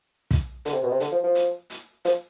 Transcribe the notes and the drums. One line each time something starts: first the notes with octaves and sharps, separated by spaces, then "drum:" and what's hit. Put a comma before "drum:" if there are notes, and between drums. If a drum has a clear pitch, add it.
drum: kick, hi-hat
D3, drum: hi-hat
C3
B2
C3
D3, drum: hi-hat
F3
F3
drum: hi-hat
drum: hi-hat
F3, drum: hi-hat